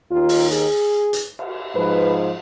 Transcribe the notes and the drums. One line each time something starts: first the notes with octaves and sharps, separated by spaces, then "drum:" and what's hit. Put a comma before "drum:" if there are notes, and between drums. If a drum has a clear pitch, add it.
D#2 D#3 F4
drum: open hi-hat
G#4, drum: hi-hat
drum: hi-hat
drum: cymbal
G#2 F3 B4